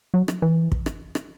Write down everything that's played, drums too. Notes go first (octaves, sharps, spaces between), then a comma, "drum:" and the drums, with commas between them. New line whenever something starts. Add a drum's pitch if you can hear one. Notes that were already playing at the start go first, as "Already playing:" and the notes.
F#3
drum: rim click
E3
drum: kick
drum: rim click
drum: rim click